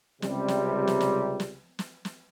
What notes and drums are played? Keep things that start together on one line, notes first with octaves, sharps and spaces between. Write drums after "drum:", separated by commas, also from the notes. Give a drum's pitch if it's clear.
C#2 C3 G3, drum: snare
drum: snare
drum: snare
drum: snare
drum: snare
drum: snare
drum: snare